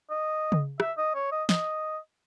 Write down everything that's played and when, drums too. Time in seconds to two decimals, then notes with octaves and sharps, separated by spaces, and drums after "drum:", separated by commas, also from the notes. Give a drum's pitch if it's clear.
0.10 D#5
0.52 drum: tom C#3
0.80 E5, drum: rim click
0.97 D#5
1.15 C#5
1.32 D#5
1.49 D#5, drum: snare